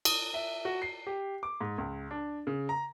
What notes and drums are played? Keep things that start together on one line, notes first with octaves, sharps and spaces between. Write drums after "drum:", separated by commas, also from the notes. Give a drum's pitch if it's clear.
D#6, drum: cymbal
E5
F#4
C7
G4
D6
G#2
C#2
D4
C#3
A#5